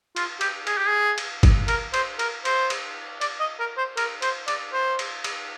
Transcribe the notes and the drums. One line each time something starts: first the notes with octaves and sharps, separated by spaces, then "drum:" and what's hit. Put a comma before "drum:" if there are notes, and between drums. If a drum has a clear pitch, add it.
F4, drum: cymbal
G4, drum: cymbal
G#4, drum: cymbal
G4
G#4
drum: cymbal
drum: kick, cymbal
A#4, drum: cymbal
C5, drum: cymbal
A#4, drum: cymbal
C5, drum: cymbal
drum: cymbal
D5, drum: cymbal
D#5
A#4
C5
A#4, drum: cymbal
C5, drum: cymbal
D5, drum: cymbal
C5
drum: cymbal
drum: cymbal